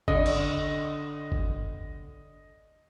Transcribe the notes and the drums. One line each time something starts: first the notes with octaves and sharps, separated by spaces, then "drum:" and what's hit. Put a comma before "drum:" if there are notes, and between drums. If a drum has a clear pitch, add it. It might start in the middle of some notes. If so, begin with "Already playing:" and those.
D3 D#5, drum: kick G1
drum: cymbal
drum: kick G1